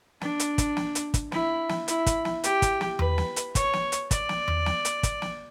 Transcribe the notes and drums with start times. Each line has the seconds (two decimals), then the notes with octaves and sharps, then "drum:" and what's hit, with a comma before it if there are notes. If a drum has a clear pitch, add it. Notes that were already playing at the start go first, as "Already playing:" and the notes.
0.21 D4, drum: snare
0.39 drum: hi-hat
0.58 drum: kick, hi-hat
0.77 drum: snare
0.95 drum: hi-hat
1.14 drum: kick, hi-hat
1.32 E4, drum: snare
1.69 drum: snare
1.88 E4, drum: hi-hat
2.06 drum: kick, hi-hat
2.25 drum: snare
2.44 G4, drum: hi-hat
2.62 drum: kick, hi-hat
2.81 drum: snare
2.99 B4, drum: tom E2
3.18 drum: snare
3.36 drum: hi-hat
3.55 C#5, drum: kick, hi-hat
3.73 drum: snare
3.92 drum: hi-hat
4.11 D5, drum: kick, hi-hat
4.29 drum: snare
4.48 drum: tom E2
4.66 drum: snare
4.85 drum: hi-hat
5.03 drum: kick, hi-hat
5.22 drum: snare